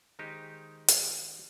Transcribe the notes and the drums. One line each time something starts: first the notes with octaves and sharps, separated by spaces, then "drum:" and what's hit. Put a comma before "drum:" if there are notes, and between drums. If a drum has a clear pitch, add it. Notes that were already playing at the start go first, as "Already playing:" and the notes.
D#3 G#3 D#4 G4 C5
drum: hi-hat